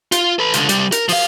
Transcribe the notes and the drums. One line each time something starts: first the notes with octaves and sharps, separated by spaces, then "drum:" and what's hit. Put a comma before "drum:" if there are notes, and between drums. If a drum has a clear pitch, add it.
F4, drum: hi-hat
A4 B4
C#2 D3, drum: hi-hat
C3 G3, drum: hi-hat
A#4, drum: hi-hat
F3 F5, drum: open hi-hat